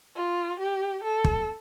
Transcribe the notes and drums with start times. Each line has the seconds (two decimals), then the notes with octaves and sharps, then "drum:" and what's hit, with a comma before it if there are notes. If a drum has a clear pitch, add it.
0.16 F4
0.60 G4
1.03 A4
1.24 drum: kick